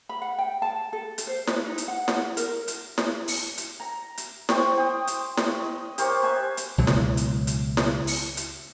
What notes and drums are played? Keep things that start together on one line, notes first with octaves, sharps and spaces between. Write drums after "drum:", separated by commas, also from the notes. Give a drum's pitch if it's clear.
B5
F#5
G5
A5
A4
drum: hi-hat
C5
B4, drum: snare
D#4
drum: hi-hat
F#5
drum: snare
A#4, drum: hi-hat
drum: hi-hat
drum: snare
drum: open hi-hat
drum: hi-hat
A#5
drum: hi-hat
C5 G5 C#6, drum: snare
G5 D#6
drum: hi-hat
drum: snare
D#5
G4 A#4 C5 C#5, drum: hi-hat
B4 C5 E5 G#5
drum: hi-hat
C#2 B2 F#3
drum: snare
drum: hi-hat
drum: hi-hat
drum: snare
drum: open hi-hat
drum: hi-hat